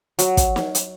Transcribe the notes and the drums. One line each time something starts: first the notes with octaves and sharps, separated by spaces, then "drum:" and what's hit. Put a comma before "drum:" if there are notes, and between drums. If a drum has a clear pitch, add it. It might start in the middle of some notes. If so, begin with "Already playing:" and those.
F#3, drum: hi-hat
drum: kick, hi-hat
drum: snare
drum: hi-hat